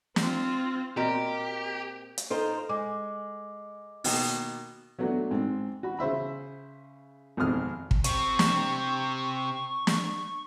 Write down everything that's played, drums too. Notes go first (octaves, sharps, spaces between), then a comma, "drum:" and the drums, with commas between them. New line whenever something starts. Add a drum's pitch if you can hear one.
C4 F4, drum: snare
A#2 C4 F#4 G4 A#4 D#5 A#5
drum: hi-hat
D#4 F4 A4 C5
G#3 D6
B2 D#3 A#3, drum: open hi-hat
F#3 A3 B3 D4 F#4
G#2 C4
F#4 B5
C#3 C5 E5 B5
G#1 F2 B2 D#6 F6
drum: kick
C3 C4 C#6, drum: hi-hat
drum: snare
drum: snare